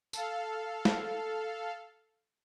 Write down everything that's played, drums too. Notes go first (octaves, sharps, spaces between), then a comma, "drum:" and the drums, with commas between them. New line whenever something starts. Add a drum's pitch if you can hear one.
A4 F5, drum: tambourine
drum: snare